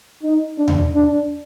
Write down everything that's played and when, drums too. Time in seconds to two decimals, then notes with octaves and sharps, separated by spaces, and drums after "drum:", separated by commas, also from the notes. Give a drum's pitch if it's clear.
0.23 D#4
0.58 D4
0.68 drum: tom D#2
0.94 D4